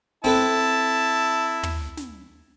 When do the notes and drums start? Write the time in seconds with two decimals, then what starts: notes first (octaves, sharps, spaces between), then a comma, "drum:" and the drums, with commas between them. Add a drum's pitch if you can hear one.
0.24 C4 E4 A4 B4 A5, drum: snare
1.63 drum: tom
1.97 drum: snare